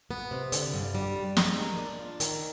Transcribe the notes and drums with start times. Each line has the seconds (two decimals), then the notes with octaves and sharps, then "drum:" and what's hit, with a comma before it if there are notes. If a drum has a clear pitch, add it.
0.11 B3
0.31 C3
0.52 D3, drum: hi-hat
0.74 G2
0.95 G3
1.15 G2
1.37 G#3, drum: snare
1.57 D#3
1.77 D4
1.99 F4
2.20 D#3, drum: hi-hat